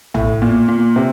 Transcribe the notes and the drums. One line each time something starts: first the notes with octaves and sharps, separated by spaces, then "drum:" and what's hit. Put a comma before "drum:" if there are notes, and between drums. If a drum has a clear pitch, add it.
A2, drum: tom A1
A#2
A#2
C3